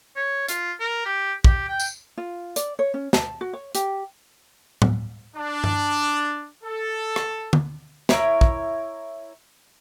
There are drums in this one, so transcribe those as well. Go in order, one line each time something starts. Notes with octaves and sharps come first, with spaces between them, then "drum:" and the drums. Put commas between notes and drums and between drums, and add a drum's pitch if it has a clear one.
C#5
F4, drum: hi-hat
A#4
G4
G4, drum: kick
G5
drum: tambourine
F4
D5, drum: hi-hat
C#5
C#4
A5, drum: snare
F#4
C#5
G4, drum: hi-hat
drum: tom A2
D4
drum: tom G2
A4
drum: rim click
drum: tom D3
E4 A#4 C#5, drum: snare
drum: kick